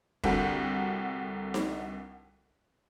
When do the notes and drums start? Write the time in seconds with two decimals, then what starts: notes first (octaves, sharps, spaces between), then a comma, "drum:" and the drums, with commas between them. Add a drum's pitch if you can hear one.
0.24 C2 D3 F#4 A#4 F#5 G5, drum: kick
1.54 drum: snare D#4